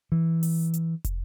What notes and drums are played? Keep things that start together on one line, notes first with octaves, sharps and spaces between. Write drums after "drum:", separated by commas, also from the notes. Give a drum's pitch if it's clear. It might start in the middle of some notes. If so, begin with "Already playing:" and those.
E3
drum: open hi-hat
drum: hi-hat
drum: kick, hi-hat